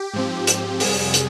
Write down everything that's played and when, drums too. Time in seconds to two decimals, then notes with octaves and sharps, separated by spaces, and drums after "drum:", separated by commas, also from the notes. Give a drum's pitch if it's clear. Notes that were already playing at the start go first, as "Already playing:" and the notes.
Already playing: G4
0.14 G#2 F3 C4
0.47 drum: hi-hat
0.80 F2 C3 G3 G#4, drum: open hi-hat
1.14 drum: hi-hat